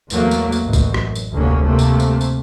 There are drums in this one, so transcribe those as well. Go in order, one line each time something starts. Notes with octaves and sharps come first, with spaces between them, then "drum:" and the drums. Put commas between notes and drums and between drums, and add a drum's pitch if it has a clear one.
E2 F#3 A3 A#3, drum: tambourine
drum: tambourine
drum: tambourine
A1 F#2
drum: kick B1, tambourine
drum: rim click
drum: tambourine
F1 D2 D3 A#3 C#4
C3 A3 A#3
drum: tambourine
drum: tambourine
drum: tambourine